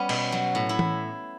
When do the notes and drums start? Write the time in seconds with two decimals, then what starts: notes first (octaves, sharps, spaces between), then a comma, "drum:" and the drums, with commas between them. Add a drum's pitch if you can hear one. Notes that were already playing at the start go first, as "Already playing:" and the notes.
Already playing: G3 B3 C#4
0.09 B2, drum: cymbal
0.32 F#3
0.55 A2
0.69 E4
0.79 drum: tom E3